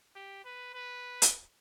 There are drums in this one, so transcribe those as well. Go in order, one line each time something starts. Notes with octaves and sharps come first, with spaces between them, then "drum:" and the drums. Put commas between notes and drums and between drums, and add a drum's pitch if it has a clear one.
G4
B4
B4
drum: hi-hat